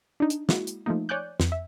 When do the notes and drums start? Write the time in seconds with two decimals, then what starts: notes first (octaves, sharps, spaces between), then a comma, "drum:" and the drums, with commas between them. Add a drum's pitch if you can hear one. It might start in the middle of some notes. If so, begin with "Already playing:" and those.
0.20 D4 D#4
0.30 drum: hi-hat
0.49 G#3 A#3 E4 F#4, drum: snare
0.67 drum: hi-hat
0.86 F3 A3 A#3 D#4
1.09 C#5 D5 G#5 D6 F#6 G6
1.40 F2, drum: snare
1.52 E5